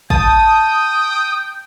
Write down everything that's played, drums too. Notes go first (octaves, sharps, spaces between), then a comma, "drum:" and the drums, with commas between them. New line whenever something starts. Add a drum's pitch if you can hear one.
G5 A5 D#6, drum: kick